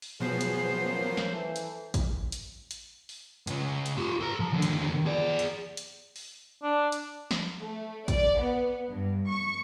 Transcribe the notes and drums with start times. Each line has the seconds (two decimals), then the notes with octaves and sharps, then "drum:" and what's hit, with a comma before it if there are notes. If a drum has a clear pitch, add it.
0.02 drum: open hi-hat
0.20 B2 F3 F#3 B3 G#4 C5
0.41 drum: hi-hat
0.85 A#3 C#4
1.17 drum: snare
1.33 E3 A4
1.56 drum: hi-hat
1.94 drum: kick, hi-hat
2.32 drum: hi-hat
2.71 drum: hi-hat
3.09 drum: open hi-hat
3.47 C#2 C#3, drum: hi-hat
3.86 drum: hi-hat
3.98 F4 G4
4.21 A4 A#5
4.40 F3
4.53 D#2 D3
4.62 drum: hi-hat
5.06 G#4 D5
5.39 drum: hi-hat
5.77 drum: hi-hat
6.16 drum: open hi-hat
6.63 D4
6.92 drum: hi-hat
7.31 drum: snare
7.60 A3
8.08 D5, drum: kick, hi-hat
8.38 B3
8.90 G2
9.29 C#6